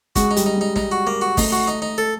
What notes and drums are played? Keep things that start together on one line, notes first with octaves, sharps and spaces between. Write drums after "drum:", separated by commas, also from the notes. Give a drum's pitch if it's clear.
G#3 F#4, drum: kick, hi-hat
D#4
G3, drum: hi-hat
D#4
G#3 D#4
D#4, drum: snare
F#4
A#3
F#4
A3 D#4, drum: kick, open hi-hat
F#4
D#4
D#4
A4